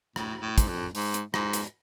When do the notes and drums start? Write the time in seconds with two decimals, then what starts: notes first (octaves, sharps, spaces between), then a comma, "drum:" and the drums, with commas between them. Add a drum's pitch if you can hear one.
0.16 A2, drum: rim click
0.42 A2
0.58 G#2, drum: kick, hi-hat
0.68 F2
0.95 G#2, drum: open hi-hat
1.14 drum: hi-hat
1.34 G#2, drum: rim click
1.53 drum: hi-hat